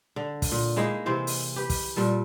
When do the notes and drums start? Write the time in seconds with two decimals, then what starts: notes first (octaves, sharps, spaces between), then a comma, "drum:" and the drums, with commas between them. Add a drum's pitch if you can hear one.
0.16 D3
0.42 drum: kick, open hi-hat
0.52 A#2
0.76 G#3 A#3 D#4 E4
1.06 C3 E3 C4 C5
1.27 drum: open hi-hat
1.56 G4 B4
1.70 drum: kick, open hi-hat
1.96 A#2 G3 A4